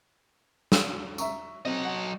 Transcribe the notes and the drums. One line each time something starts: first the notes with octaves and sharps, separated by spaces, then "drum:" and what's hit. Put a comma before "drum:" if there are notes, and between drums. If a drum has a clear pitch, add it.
drum: snare
E5 A#5 C#6, drum: tambourine
F#3 C4 D#5
F#5